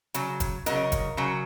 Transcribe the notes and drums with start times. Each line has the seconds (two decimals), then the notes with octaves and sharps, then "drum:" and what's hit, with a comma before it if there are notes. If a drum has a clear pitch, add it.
0.14 C#3 F#3, drum: hi-hat
0.40 drum: kick, hi-hat
0.66 C#3 F#3 A#4 D#5, drum: hi-hat
0.92 drum: kick, hi-hat
1.17 C#3 F#3